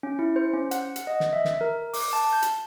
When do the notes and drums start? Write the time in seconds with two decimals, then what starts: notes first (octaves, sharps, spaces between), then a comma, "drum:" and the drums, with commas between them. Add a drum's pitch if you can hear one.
0.03 C#4
0.19 E4
0.36 C5
0.53 C#4
0.71 F#5, drum: hi-hat
0.96 drum: hi-hat
1.07 D#5
1.20 drum: snare
1.33 E5
1.45 drum: snare
1.61 A#4
1.93 D6, drum: open hi-hat
2.13 A5
2.33 G6
2.42 drum: hi-hat